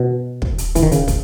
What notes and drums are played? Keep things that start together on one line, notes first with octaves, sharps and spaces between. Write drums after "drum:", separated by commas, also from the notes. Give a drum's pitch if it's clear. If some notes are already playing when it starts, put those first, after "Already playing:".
Already playing: B2
drum: kick
drum: hi-hat
E3, drum: kick, hi-hat
D#3
C#3, drum: hi-hat
drum: kick, hi-hat